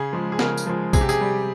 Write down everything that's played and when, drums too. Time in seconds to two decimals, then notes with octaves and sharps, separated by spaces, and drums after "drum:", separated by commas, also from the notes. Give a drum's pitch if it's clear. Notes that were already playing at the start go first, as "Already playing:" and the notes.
Already playing: C#3 G#4
0.13 F3 G#3
0.32 G#4
0.39 C#3 A#4, drum: snare
0.57 drum: tambourine
0.66 F3 G#3
0.93 C3 G#4, drum: kick, tambourine
1.01 G4
1.09 G#4, drum: tambourine
1.21 G3